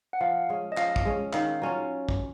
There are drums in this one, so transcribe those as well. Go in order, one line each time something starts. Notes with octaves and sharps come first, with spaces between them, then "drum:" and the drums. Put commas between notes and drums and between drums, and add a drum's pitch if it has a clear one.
F#5
F3 F5
G#3 C#4
D#5
F3 F5, drum: clap
drum: kick
G#3 C#4
D#3 F5, drum: clap
F#3 C#4 F4
drum: kick